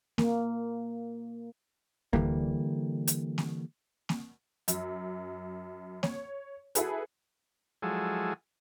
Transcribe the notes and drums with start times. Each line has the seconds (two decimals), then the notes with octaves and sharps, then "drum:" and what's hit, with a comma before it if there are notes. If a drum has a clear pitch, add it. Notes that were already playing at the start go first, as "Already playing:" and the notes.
0.18 A#3, drum: snare A#3
2.13 D3 E3 G3 A#3, drum: kick D2
3.07 drum: hi-hat
3.38 drum: snare A#3
4.09 drum: snare A#3
4.68 F#2, drum: hi-hat
6.03 C#5, drum: snare A#3
6.75 E4 F#4 G#4 A4 B4, drum: hi-hat
7.82 F3 F#3 G#3 E4 G#4 A4